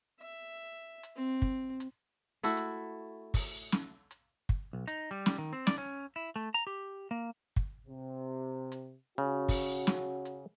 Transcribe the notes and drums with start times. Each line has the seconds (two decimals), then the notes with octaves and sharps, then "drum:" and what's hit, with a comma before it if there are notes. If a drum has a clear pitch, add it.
0.20 E5
1.03 drum: hi-hat
1.16 C4
1.42 drum: kick
1.80 drum: hi-hat
2.43 A3 E4 F#4 A4
2.57 drum: hi-hat
3.34 drum: kick, open hi-hat
3.72 drum: snare
4.11 drum: hi-hat
4.49 drum: kick
4.73 B1
4.88 D#4, drum: hi-hat
5.11 G3
5.26 drum: snare
5.38 D#3
5.53 C4
5.67 D5, drum: snare
5.78 C#4
6.16 E4
6.36 A3
6.54 A#5
6.67 G4
7.11 A#3
7.56 drum: kick
7.87 C3
8.72 drum: hi-hat
9.18 C#3 C#4 F#4
9.49 drum: kick, open hi-hat
9.87 drum: snare
10.25 drum: hi-hat